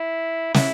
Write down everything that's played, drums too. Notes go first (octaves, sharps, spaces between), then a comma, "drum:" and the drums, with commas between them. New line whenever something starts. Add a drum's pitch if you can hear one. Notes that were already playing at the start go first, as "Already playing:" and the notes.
Already playing: E4
E4, drum: snare